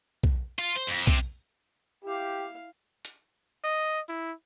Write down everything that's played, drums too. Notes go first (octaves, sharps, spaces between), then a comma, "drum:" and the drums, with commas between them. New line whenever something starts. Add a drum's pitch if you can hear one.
drum: kick B1
F4
C5
F2, drum: open hi-hat
C3, drum: kick B1
E4 G4 F5
drum: hi-hat
D#5
E4